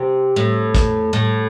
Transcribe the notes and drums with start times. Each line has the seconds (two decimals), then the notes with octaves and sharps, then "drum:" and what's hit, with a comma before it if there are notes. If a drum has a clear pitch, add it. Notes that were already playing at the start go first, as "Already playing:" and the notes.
Already playing: C3
0.36 A2
0.75 drum: kick, hi-hat
1.13 A2